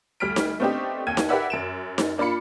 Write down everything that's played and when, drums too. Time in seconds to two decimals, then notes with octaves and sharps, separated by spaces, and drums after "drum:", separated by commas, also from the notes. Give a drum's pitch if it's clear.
0.20 D2 G3 F6 B6 D7
0.36 drum: snare D#4
0.60 A3 B3 C4 D4 D#4 G4
1.07 D#2 G5 G#6 D#7
1.17 drum: snare D#4
1.29 G4 A#4 B4 D5 E5 F#5
1.50 F#2 D7 E7
1.98 drum: snare D#4
2.18 A#3 D4 F4 B5 C#7